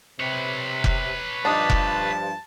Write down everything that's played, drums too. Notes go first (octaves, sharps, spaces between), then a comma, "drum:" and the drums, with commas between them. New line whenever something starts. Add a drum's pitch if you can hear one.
C3 B4 C#5
drum: kick F1
G2 F3 D4 D#4 A5
drum: kick F1